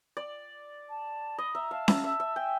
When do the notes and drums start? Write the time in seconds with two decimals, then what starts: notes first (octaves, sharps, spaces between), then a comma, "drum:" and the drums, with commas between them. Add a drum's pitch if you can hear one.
0.17 D5
0.89 A5
1.38 D#5 B5
1.54 E5 A#5
1.71 F5 A5
1.88 E5, drum: snare C#4
2.04 E5
2.20 E5
2.36 G5 G#5